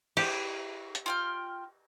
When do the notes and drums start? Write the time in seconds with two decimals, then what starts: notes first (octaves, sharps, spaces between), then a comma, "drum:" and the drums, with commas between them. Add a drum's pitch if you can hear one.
0.17 E4 G4, drum: cymbal
0.95 drum: hi-hat
1.06 F4 G5 F6